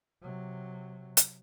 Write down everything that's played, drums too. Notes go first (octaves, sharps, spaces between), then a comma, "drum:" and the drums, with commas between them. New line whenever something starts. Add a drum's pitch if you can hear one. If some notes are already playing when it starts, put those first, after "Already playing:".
C3 F#3
drum: hi-hat